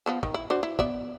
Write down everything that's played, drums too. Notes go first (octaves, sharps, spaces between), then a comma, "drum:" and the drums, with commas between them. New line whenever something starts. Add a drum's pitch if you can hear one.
F3 B3 A5
D#3, drum: kick
E4
D4 F#4 C5
E4
B3 D5 E5, drum: kick